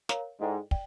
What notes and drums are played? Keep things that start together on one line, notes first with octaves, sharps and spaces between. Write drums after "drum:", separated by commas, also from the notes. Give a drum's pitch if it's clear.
A#4 C#5 F5 A#5, drum: snare
G#2 E4 A4 D5 G5
D5 G5, drum: kick